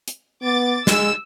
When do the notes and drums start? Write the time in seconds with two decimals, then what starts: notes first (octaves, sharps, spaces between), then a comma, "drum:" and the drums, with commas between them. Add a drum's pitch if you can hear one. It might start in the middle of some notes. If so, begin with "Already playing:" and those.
0.08 drum: hi-hat
0.42 B3 D6 A6
0.87 G#3 E6, drum: snare